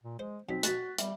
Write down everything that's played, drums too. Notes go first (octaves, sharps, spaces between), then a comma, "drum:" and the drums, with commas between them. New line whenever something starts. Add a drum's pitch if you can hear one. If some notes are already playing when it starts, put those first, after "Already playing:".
A#2
G#3 C5
B2 F#3 C4 D#4 B6
B2 A3 F#4 F#6 A6 B6, drum: hi-hat
G3 E5, drum: hi-hat